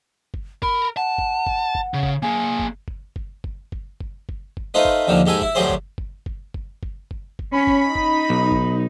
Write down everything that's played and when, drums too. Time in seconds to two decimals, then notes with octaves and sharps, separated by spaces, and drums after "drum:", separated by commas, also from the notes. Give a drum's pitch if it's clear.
0.34 drum: kick G1
0.63 A#4 B5, drum: kick G1
0.97 F#5 A5
1.18 drum: kick G1
1.47 drum: kick G1
1.75 drum: kick G1
1.94 C#3
2.03 drum: kick G1
2.22 A#3 G#4 G#5
2.59 drum: kick G1
2.88 drum: kick G1
3.16 drum: kick G1
3.44 drum: kick G1
3.72 drum: kick G1
4.01 drum: kick G1
4.29 drum: kick G1
4.57 drum: kick G1
4.74 A3 D#4 F4 B4 C5
4.85 drum: kick G1
5.07 D#2 D3 D#3 F3
5.26 G#2 G#3 G4 A4 G#5
5.42 E4, drum: kick G1
5.55 D2 A2 F#3 G4 G#4 C5
5.70 drum: kick G1
5.98 drum: kick G1
6.26 drum: kick G1
6.54 drum: kick G1
6.83 drum: kick G1
7.11 drum: kick G1
7.39 drum: kick G1
7.53 C#4 B5
7.67 drum: kick G1
7.86 D#4
7.95 drum: kick G1
8.30 B1
8.52 drum: kick G1